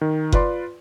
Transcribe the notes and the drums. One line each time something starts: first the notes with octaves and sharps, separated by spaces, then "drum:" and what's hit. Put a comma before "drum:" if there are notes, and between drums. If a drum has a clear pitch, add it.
D#3
F4 B4 D5 C6, drum: kick F#1